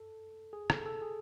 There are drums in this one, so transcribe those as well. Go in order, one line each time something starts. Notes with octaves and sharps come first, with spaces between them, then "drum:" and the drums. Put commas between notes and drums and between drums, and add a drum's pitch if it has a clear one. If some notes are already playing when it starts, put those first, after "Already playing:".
Already playing: A4
G#4
A4, drum: rim click
A4
G#4